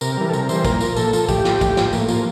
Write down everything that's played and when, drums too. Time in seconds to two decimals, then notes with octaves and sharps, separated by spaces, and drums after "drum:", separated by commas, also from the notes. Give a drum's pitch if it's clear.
0.01 C3 A#4, drum: tambourine
0.17 E3 G3
0.29 A4
0.33 C3 A#4, drum: tambourine
0.49 E3 G3 C5, drum: tambourine
0.65 A#2 A#4, drum: kick, tambourine
0.81 F3, drum: tambourine
0.96 A#2 A4, drum: tambourine
1.13 F3, drum: tambourine
1.29 A2 G4, drum: kick, tambourine
1.45 F3, drum: snare
1.61 A2, drum: kick, tambourine
1.77 F3, drum: snare
1.93 A2 A#3, drum: tambourine
2.08 F3 A#3, drum: tambourine